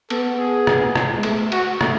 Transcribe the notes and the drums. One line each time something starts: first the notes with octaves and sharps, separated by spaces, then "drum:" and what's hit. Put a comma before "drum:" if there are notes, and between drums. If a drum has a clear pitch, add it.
B3 A4, drum: cymbal
G#4
drum: rim click
drum: rim click
G#3
A3, drum: cymbal
F#4, drum: cymbal
A3, drum: rim click